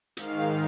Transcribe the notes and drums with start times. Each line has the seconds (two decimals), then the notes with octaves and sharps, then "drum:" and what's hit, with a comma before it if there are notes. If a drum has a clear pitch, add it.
0.17 G#2 D#3 F5, drum: hi-hat